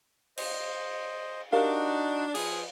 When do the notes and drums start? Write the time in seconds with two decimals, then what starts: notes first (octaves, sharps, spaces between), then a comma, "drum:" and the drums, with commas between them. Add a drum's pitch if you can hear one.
0.38 C5 D#5, drum: cymbal
1.53 D4 D#4 F#4 G4 A#4 F5
2.35 F3 G#4 B4, drum: cymbal